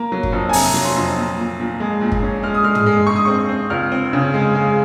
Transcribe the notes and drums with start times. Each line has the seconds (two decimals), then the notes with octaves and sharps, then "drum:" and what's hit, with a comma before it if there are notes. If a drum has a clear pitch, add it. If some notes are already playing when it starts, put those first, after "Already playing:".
Already playing: A#3 A#5
0.12 F#3
0.23 drum: kick
0.33 F2
0.49 G#5
0.53 C3 A#5, drum: open hi-hat
0.74 F#3
0.85 C6
0.96 F2
1.17 A#2
1.37 A#2
1.60 A#2
1.80 G#3
2.01 A#2
2.12 drum: kick
2.22 C#4
2.43 G#3 F6
2.54 D#6
2.64 G#3 F6
2.75 D#6, drum: tom
2.86 G#3
3.07 G#3 C#6
3.16 D#6
3.25 C4 C#6
3.49 C4
3.70 C#2 F6
3.92 C4
4.13 C#3
4.34 G#3
4.55 G#3